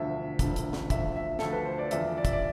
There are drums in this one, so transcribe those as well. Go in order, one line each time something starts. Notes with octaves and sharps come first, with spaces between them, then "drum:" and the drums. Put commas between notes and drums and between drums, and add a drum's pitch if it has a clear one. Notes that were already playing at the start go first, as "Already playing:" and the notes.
Already playing: E1 D2 D3 F3 E5
E1 D2 D3 F3, drum: kick, hi-hat
drum: hi-hat
drum: snare
D2 D3 F3 E5, drum: kick, hi-hat
E5
D2 D3 F3 A4, drum: snare
B4
C5
D5
E2 D3 F3 E5, drum: hi-hat
D5
E5, drum: kick, hi-hat
D5